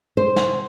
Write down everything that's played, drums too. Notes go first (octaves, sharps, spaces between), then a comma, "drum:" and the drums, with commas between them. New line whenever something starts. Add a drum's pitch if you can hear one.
C5
drum: snare